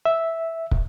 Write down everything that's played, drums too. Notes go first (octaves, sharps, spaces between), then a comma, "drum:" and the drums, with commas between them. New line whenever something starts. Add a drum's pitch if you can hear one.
E5
drum: kick